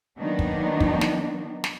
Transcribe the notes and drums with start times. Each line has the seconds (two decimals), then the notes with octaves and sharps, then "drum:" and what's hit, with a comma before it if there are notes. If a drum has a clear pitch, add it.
0.18 D#3 F#3 A#3 B3 D4 D#4
0.39 drum: kick
0.80 drum: kick
1.01 drum: snare
1.64 drum: snare